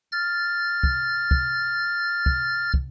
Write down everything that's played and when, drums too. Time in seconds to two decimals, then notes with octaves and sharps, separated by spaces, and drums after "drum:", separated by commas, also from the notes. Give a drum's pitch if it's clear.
0.12 F6 A6
0.83 drum: kick
1.31 drum: kick
2.26 drum: kick
2.74 drum: kick